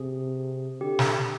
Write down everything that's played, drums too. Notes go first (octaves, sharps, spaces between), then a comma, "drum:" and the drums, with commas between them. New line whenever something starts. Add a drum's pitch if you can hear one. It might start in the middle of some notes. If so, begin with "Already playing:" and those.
Already playing: C3 G#4
D3 G4
drum: snare